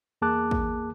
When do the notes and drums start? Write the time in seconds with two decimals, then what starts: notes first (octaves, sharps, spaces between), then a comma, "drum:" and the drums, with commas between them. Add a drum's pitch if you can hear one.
0.22 E2 A#3 G#4 A5 D6 F#6
0.51 drum: kick